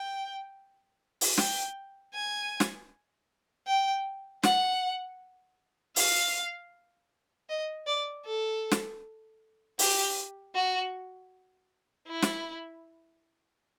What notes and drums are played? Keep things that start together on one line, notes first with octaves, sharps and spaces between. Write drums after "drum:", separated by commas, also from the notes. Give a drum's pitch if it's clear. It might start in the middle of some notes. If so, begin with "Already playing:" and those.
Already playing: G5
drum: open hi-hat
G5, drum: snare
G#5
drum: snare
G5
F#5, drum: snare
F5, drum: open hi-hat
D#5
D5
A4
drum: snare
G4, drum: open hi-hat
F#4
E4
drum: snare